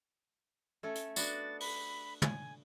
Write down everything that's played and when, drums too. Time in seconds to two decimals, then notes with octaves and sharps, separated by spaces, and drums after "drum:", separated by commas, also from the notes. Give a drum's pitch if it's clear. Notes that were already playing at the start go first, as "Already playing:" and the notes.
0.83 A3 C#4 A4
0.95 drum: hi-hat
1.16 B3 D4 F#4 A6, drum: tambourine
1.60 B5, drum: open hi-hat
2.22 G#5, drum: tom